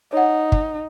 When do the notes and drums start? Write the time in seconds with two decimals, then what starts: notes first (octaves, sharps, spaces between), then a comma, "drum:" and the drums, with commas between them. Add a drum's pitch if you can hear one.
0.13 D#4 C#5 F#5
0.52 drum: kick